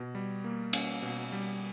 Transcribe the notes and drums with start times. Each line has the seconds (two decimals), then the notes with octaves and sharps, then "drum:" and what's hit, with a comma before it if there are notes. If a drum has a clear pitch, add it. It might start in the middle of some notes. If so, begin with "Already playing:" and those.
Already playing: B2
0.15 G3
0.44 A#3
0.73 C#4, drum: cymbal
1.02 B2
1.32 G3